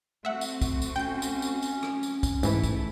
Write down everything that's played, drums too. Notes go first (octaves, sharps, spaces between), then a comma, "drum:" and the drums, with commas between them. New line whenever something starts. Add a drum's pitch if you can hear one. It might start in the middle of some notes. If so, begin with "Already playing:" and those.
A3 C4 F#4 E5 F#5
drum: tambourine
drum: kick, tambourine
drum: tambourine
C#4 G5 G6
drum: tambourine
drum: tambourine
drum: tambourine
drum: rim click
drum: tambourine
drum: kick, tambourine
G#2 E3 A3 E4, drum: tambourine
drum: kick, tambourine